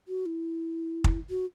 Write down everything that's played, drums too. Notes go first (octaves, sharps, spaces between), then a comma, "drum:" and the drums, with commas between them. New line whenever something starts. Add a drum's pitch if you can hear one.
F#4
E4
drum: kick
F#4